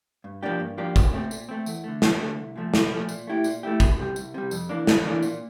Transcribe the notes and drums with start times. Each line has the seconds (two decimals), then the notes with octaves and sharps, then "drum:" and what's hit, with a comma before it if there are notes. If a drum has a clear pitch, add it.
0.24 G2
0.43 F3 A#3 D4 G4
0.60 G2
0.78 F3 A#3 D4 G4
0.96 A#2, drum: kick, tambourine
1.13 A3 C4
1.31 A#2, drum: tambourine
1.49 A3 C4
1.66 E2, drum: tambourine
1.84 D3 A3
2.02 E2, drum: snare
2.20 D3 A3
2.39 C2
2.56 A#2 F3 A3
2.74 C2, drum: snare
2.91 A#2 F3 A3
3.09 A#2, drum: tambourine
3.27 A3 E4 G4
3.44 A#2, drum: tambourine
3.63 A3 E4 G4
3.80 C2, drum: kick, tambourine
3.98 C3 G3
4.16 C2, drum: tambourine
4.34 C3 G3
4.51 F2, drum: tambourine
4.69 E3 A#3 D4
4.87 F2, drum: snare
5.05 E3 A#3 D4
5.23 A#2, drum: tambourine